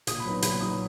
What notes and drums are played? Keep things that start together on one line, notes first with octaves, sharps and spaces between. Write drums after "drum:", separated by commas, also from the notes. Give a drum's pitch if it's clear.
A#2 D#6, drum: hi-hat
B5
F#3 B3 D#4
A#2 B5, drum: hi-hat
F#3 B3 D#4 D#6